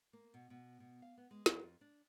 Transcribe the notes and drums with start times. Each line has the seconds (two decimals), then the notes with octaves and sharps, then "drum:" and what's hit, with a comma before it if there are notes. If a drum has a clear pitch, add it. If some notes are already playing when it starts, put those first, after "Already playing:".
0.13 A#3
0.34 B2
0.50 B2
0.80 B2
1.02 F5
1.17 B3
1.31 G#3
1.46 F2, drum: snare
1.63 F2
1.81 D4